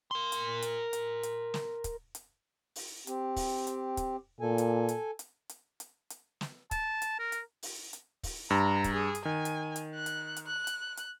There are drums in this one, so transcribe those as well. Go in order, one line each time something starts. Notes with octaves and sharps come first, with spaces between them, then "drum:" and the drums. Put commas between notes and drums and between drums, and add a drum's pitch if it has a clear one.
A#4 C6
drum: hi-hat
drum: hi-hat
drum: hi-hat
drum: hi-hat
drum: snare
drum: kick, hi-hat
drum: hi-hat
drum: open hi-hat
C4 G4, drum: hi-hat
drum: kick, open hi-hat
drum: hi-hat
drum: kick, hi-hat
A#2 A4 G#5
drum: hi-hat
drum: hi-hat
drum: hi-hat
drum: hi-hat
drum: hi-hat
drum: hi-hat
drum: snare
A5, drum: kick, hi-hat
drum: hi-hat
A#4
drum: hi-hat
drum: open hi-hat
drum: hi-hat
drum: kick, open hi-hat
G2 A#5
drum: kick, hi-hat
G#4
drum: hi-hat
D#3 G#5
drum: hi-hat
drum: hi-hat
F#6
drum: hi-hat
drum: hi-hat
F#6
drum: hi-hat
drum: hi-hat